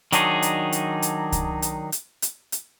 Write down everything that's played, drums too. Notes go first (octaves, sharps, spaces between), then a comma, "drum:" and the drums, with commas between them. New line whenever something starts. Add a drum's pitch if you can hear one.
D#3 F#3 D4 D#4 G#4, drum: hi-hat
drum: hi-hat
drum: hi-hat
drum: hi-hat
drum: kick C2, hi-hat
drum: hi-hat
drum: hi-hat
drum: hi-hat
drum: hi-hat